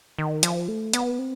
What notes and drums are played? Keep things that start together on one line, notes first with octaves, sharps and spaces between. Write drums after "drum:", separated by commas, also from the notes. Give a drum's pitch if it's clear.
D#3
F3, drum: hi-hat
A3
B3, drum: hi-hat
C4